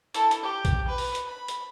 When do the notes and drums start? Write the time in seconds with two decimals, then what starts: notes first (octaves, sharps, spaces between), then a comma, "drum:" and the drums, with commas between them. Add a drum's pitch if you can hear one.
0.14 E4 A4, drum: hi-hat
0.31 drum: hi-hat
0.43 G4
0.65 drum: kick A#1, hi-hat
0.88 B4
0.98 drum: open hi-hat
1.15 drum: hi-hat
1.27 B5
1.48 drum: hi-hat